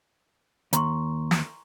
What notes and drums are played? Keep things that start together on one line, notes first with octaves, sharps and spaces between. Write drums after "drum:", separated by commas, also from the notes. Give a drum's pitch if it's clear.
D#2 A#5 C6 C#6, drum: hi-hat
drum: snare